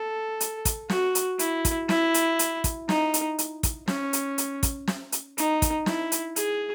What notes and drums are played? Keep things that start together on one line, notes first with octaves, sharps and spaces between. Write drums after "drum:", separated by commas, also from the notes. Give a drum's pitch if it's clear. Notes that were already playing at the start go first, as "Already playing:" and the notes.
Already playing: A4
drum: hi-hat
drum: kick, hi-hat
F#4, drum: snare
drum: hi-hat
E4, drum: hi-hat
drum: kick, hi-hat
E4, drum: snare
drum: hi-hat
drum: hi-hat
drum: kick, hi-hat
D#4, drum: snare
drum: hi-hat
drum: hi-hat
drum: kick, hi-hat
C#4, drum: snare
drum: hi-hat
drum: hi-hat
drum: kick, hi-hat
drum: snare
drum: hi-hat
D#4, drum: hi-hat
drum: kick, hi-hat
E4, drum: snare
drum: hi-hat
G#4, drum: hi-hat